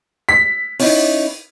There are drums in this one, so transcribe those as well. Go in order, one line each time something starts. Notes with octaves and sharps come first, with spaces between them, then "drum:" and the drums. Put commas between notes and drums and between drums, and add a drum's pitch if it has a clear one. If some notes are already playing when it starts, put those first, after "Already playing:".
B6
C#4 D#4 E4, drum: open hi-hat